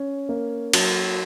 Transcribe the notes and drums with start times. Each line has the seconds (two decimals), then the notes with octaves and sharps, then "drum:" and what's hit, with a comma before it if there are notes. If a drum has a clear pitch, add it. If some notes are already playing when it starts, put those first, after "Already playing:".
Already playing: C#4
0.29 A#3
0.73 F#3, drum: cymbal